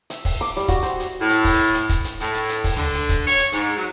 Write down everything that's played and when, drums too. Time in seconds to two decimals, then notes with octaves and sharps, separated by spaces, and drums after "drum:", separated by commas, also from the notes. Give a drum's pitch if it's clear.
0.10 E5, drum: hi-hat
0.25 drum: kick, open hi-hat
0.41 D6
0.57 G3, drum: hi-hat
0.68 F#4, drum: kick, hi-hat
0.83 C5, drum: hi-hat
1.00 drum: hi-hat
1.20 A2
1.30 drum: hi-hat
1.45 drum: kick, open hi-hat
1.74 drum: hi-hat
1.89 drum: kick, hi-hat
2.04 drum: hi-hat
2.20 A2, drum: hi-hat
2.34 drum: hi-hat
2.49 drum: hi-hat
2.64 drum: kick, open hi-hat
2.77 D3, drum: tom D2
2.94 drum: hi-hat
3.09 drum: kick, hi-hat
3.27 C#5, drum: hi-hat
3.39 drum: hi-hat
3.52 G#2, drum: hi-hat
3.76 F#3